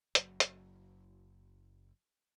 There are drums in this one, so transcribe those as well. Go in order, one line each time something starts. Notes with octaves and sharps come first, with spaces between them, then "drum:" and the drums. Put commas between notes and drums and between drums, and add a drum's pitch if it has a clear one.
F#1 F#3, drum: hi-hat
drum: hi-hat